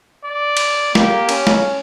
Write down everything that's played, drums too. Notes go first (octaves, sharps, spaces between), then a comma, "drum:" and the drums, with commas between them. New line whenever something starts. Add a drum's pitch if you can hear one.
D5
drum: cymbal
A#3 G4, drum: snare
C#4, drum: cymbal
drum: snare